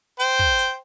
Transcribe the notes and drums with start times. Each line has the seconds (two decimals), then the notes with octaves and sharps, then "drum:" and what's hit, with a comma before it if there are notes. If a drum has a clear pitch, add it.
0.20 C5 G5, drum: hi-hat
0.39 drum: kick
0.59 drum: hi-hat